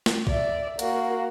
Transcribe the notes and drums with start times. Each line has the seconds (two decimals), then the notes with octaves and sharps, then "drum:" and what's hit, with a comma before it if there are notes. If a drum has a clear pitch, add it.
0.06 drum: snare
0.27 D5 E5, drum: kick
0.79 A#3 F#4, drum: hi-hat